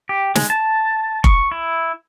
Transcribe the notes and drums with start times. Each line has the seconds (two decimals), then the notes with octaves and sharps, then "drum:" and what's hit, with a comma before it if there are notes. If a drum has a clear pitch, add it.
0.09 G4
0.35 G#3, drum: snare
0.50 A5
1.24 C#6, drum: kick F1
1.52 E4